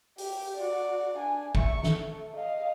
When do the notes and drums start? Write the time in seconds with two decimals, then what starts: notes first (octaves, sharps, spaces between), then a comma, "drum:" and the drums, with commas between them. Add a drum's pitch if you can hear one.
0.18 G4, drum: open hi-hat
0.56 F#4 D5
1.18 D4 G#5
1.55 E5 C#6, drum: kick
1.83 A3, drum: snare
2.36 D#5 F5